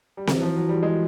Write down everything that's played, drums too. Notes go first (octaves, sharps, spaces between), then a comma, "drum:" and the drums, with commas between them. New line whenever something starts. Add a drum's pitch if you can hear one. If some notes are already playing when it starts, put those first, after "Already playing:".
G3
E3 F#3, drum: snare C4
F3
F#3
G3
G#3